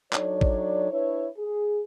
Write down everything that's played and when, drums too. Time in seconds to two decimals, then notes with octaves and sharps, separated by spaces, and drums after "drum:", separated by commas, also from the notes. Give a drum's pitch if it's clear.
0.13 F#3 D4 D#4 A4 C#5 D5, drum: clap
0.41 drum: kick A1
0.91 D4 E4 B4 C#5
1.38 G#4